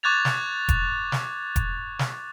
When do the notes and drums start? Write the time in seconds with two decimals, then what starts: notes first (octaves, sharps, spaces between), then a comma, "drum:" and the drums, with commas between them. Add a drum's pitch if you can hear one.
0.03 C#6 D6 F#6 G#6 A6 F7
0.25 drum: snare
0.69 drum: kick E1, hi-hat
1.12 drum: snare
1.56 drum: kick E1, hi-hat
1.99 drum: snare